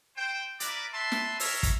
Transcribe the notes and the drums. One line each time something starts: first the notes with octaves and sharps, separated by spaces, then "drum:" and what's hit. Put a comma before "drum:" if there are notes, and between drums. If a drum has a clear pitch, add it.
C5 G5
E4 A#4 B4 D5, drum: hi-hat
B4 E5 A5 C6
drum: snare
A#4 C#5 E5, drum: open hi-hat
drum: kick, hi-hat